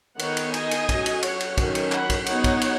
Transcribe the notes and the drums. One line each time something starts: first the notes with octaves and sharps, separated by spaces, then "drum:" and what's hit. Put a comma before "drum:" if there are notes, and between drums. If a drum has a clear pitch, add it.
D#3 B3 D#4 C#5 F#5, drum: cymbal
drum: cymbal
D#5 G#5, drum: cymbal
drum: cymbal
F#3 C#4, drum: kick, cymbal
drum: cymbal
C#5 F#5, drum: cymbal
drum: cymbal
D#3 F#3 C#4, drum: kick, cymbal
drum: cymbal
F#5 B5, drum: clap
drum: kick, cymbal
F#3 B3 D#4 C#5 F#5, drum: cymbal
drum: kick, cymbal
drum: cymbal